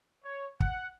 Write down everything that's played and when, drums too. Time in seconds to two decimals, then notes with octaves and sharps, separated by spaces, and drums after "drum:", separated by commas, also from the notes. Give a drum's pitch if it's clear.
0.23 C#5
0.60 F#5, drum: kick